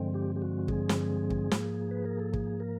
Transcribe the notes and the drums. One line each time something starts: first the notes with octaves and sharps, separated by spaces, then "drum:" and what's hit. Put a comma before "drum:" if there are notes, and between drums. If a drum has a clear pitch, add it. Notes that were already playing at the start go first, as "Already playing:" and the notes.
Already playing: G2 D3 F3 G#3 C4
G4
G4
F#4
G#4, drum: kick
drum: snare
drum: kick
G#2 F3 A#3, drum: snare
B4
A#4
A4
G#4, drum: kick
A#4